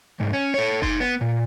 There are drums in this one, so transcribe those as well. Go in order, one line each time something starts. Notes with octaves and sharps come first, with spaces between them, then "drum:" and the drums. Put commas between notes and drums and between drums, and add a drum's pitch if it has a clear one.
C2 G#2
C#4
A4 C#5
D#4 C6, drum: kick F#1
B3
A#2